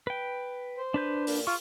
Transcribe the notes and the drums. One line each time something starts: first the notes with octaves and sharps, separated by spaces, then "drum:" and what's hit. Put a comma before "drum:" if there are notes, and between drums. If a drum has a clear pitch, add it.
B4 G5
C5
D4 B4 G6
A#2, drum: open hi-hat
F4 C#6